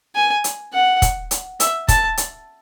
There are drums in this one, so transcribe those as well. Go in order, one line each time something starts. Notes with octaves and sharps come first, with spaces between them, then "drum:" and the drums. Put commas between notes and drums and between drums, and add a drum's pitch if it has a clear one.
G#5
drum: hi-hat
F#5
drum: kick, hi-hat
drum: hi-hat
E5, drum: hi-hat
A5, drum: kick, hi-hat
drum: hi-hat